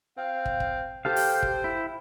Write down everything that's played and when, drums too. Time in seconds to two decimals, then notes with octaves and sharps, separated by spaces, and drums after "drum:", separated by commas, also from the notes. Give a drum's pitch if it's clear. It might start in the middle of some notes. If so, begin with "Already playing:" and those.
0.17 C4 F5
0.45 drum: kick
0.60 drum: kick
1.05 G4 A4 C5 F5 G5
1.16 drum: open hi-hat
1.43 drum: kick
1.64 E4